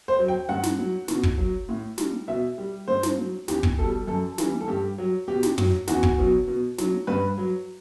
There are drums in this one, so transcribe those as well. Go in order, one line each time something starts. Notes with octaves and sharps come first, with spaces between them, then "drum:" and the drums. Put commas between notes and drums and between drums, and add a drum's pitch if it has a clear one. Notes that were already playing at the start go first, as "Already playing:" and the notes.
C5
F#3
G5
G2 F#5
drum: snare
F#3
B2, drum: snare
drum: kick
F#3
A2
G3, drum: snare
B2 E5
G3
G2 C5
drum: snare
F#3
E2 G4, drum: snare
drum: kick
B2 G3 A4
F#2 A4
E3 G3, drum: snare
A4
G2 G4
F#3
B2 G4
drum: snare
F#3, drum: tom
E2 F#4, drum: snare
drum: kick
B2 F#3
B2
F#3, drum: snare
G2 B4
F#3